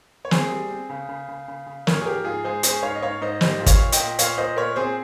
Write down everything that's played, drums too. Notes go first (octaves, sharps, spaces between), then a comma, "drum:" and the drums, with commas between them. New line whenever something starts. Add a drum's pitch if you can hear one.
C#5
C4 G#4 C5, drum: snare
G3
C4
C#3
C#3
C#3
C#3
C#3
G#2 A#4 C#5, drum: snare
G#4
F3 G4 A#4
G#2 F4 G#4
G#3 G#4 C5
C#4 G#4 C5, drum: hi-hat
G#2 C#5 F5
D#5
G#2 C#5 F5
G#2 C5 D#5
G3 C5 D#5, drum: snare
A#2
C#5 F5, drum: kick, hi-hat
A#2
D#5 G5, drum: hi-hat
A#2
A#2 C#5 F5, drum: hi-hat
A#2 C5 D#5
A#2 A#4 C#5
C4 G#4 C5